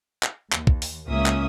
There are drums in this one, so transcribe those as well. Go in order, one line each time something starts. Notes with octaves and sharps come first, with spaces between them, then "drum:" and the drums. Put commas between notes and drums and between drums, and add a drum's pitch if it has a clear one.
drum: clap
D#2, drum: clap
drum: kick
drum: open hi-hat
C#2 A#3 C#4 E5 D#6
drum: clap